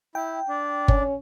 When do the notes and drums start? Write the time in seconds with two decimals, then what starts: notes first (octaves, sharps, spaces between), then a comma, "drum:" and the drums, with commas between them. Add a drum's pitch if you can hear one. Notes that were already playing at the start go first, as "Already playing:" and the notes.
0.15 E4 G5
0.48 D4
0.88 C#4, drum: kick G1